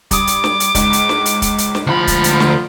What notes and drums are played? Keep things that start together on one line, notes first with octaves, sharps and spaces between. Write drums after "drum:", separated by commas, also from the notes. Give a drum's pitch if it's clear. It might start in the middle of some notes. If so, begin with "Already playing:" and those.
G2 D6 D#6, drum: kick, hi-hat
drum: hi-hat
drum: snare
drum: hi-hat
C#2 G#2, drum: kick, hi-hat
drum: hi-hat
drum: snare
drum: hi-hat
drum: kick, hi-hat
drum: hi-hat
drum: snare
D2 F3 B5
drum: kick, hi-hat
drum: hi-hat
drum: snare